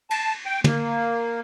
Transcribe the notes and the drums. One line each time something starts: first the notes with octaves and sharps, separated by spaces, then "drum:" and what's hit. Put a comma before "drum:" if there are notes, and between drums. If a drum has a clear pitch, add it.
A5, drum: cymbal
G5
A#3, drum: tom